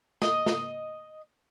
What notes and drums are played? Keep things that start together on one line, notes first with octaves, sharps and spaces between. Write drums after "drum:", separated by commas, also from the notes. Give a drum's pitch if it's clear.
D#5, drum: snare
drum: snare